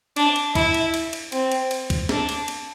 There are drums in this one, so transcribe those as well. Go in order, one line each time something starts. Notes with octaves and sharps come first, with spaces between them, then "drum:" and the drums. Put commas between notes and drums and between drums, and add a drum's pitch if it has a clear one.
D4, drum: cymbal
drum: cymbal
E4, drum: kick, cymbal
drum: cymbal
drum: cymbal
drum: cymbal
C4, drum: cymbal
drum: cymbal
drum: cymbal
drum: kick, cymbal
D4, drum: snare
drum: cymbal
drum: cymbal